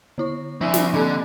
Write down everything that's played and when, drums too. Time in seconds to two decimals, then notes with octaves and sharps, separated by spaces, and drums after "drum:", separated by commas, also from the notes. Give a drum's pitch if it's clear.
0.18 D3 E4 C#6
0.61 F3 C4 E4 G#5 D#7
0.74 drum: snare
0.94 D3 A#3 C4 D#5